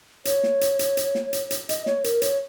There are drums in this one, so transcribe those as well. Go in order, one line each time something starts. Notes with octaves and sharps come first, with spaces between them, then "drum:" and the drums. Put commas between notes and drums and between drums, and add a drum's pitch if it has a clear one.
C#5, drum: hi-hat
drum: snare
drum: hi-hat
drum: hi-hat
drum: hi-hat
drum: snare
drum: hi-hat
drum: hi-hat
D#5, drum: hi-hat
C#5, drum: snare
A#4, drum: hi-hat
C#5, drum: hi-hat